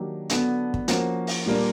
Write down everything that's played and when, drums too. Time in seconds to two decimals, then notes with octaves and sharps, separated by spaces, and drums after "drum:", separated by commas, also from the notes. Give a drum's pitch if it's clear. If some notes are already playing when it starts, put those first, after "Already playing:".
Already playing: D#3 F#3 A#3 D4 G4
0.30 D3 F#3 B3 D4, drum: hi-hat
0.74 drum: kick
0.88 F3 A#3 C#4 F#4, drum: hi-hat
1.27 drum: open hi-hat
1.46 A#2 G3 A#3 D4